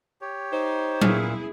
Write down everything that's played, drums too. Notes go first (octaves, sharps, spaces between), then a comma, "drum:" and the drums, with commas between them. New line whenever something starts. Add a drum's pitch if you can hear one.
G4 C#5
D#4 C5
A#2 B3 E4 G#4, drum: tom F#3